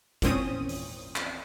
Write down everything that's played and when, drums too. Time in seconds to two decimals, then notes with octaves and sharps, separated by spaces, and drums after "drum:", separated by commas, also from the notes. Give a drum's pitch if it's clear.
0.22 G#1 E2 A#2 C4 C#4 D#6, drum: kick, hi-hat
0.69 drum: open hi-hat
1.16 drum: clap